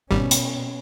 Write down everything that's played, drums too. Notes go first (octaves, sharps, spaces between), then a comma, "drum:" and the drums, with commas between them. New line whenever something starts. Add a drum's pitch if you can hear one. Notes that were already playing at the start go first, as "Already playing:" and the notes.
G#1 B2 G3 C#4
drum: hi-hat